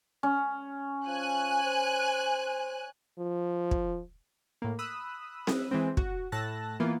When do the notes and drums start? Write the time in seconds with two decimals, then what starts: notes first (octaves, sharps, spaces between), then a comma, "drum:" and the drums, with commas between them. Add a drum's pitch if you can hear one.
0.23 C#4
1.07 F3 G#5 F#6
1.64 C5
3.19 F3
3.71 drum: kick
4.62 A2 A#3
4.79 B5 D#6 E6 F#6
5.47 drum: snare C4
5.71 E3 G#3 C4
5.97 F#4, drum: kick
6.32 A2 A5 E6 F#6 A#6
6.80 E3 A#3 B3 F4